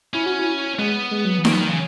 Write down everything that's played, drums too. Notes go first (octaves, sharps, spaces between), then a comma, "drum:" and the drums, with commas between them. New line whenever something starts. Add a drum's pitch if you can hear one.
C#4 E4
F#4
E4
G#3 B3
G#3
F#3
E3
A#3, drum: snare D#4
F#3 B3
D#3
C#3 E3